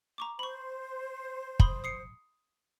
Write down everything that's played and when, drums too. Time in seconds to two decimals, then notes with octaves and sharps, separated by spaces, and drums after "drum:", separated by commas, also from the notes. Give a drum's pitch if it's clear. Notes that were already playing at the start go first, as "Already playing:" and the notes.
0.18 A#5 C#6 D6
0.39 C5 B5 C#6
1.60 B5 C6 D#6, drum: kick
1.84 D#6 C7 C#7